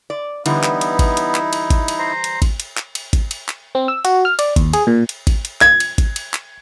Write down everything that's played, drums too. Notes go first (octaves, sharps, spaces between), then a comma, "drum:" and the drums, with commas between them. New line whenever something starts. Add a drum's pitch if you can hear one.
D5
D3 E3 G3 B3 D#4 E4, drum: cymbal
drum: clap
drum: cymbal
drum: kick G#1, cymbal
drum: cymbal
drum: clap
drum: cymbal
drum: kick G#1, cymbal
drum: cymbal
C5 A#5
drum: cymbal
drum: kick G#1, cymbal
drum: cymbal
drum: clap
drum: cymbal
drum: kick G#1, cymbal
drum: cymbal
drum: clap
C4
E6
F#4, drum: cymbal
F6
D5, drum: cymbal
D#2, drum: kick G#1, cymbal
G#4, drum: cymbal
A#2
drum: cymbal
drum: kick G#1, cymbal
drum: cymbal
G#6, drum: clap
drum: cymbal
drum: kick G#1, cymbal
drum: cymbal
drum: clap